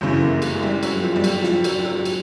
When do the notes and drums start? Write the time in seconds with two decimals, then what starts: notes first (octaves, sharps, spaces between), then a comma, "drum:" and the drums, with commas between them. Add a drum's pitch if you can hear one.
0.01 G1 F#2 C#3 E3
0.22 A#3
0.42 G#3, drum: cymbal
0.63 G3
0.83 F#3, drum: cymbal
1.03 F3
1.16 G3
1.24 F#3, drum: cymbal
1.44 F3, drum: snare
1.64 F#3, drum: cymbal
1.85 F#3
2.05 drum: cymbal